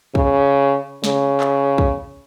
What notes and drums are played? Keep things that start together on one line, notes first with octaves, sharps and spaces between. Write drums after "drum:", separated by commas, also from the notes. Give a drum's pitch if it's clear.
C#3, drum: kick
C#3, drum: snare
drum: clap
drum: kick